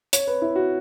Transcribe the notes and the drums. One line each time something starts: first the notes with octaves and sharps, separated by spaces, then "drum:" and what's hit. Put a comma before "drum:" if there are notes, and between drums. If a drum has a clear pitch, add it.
C#5, drum: hi-hat
B4
E4
F#4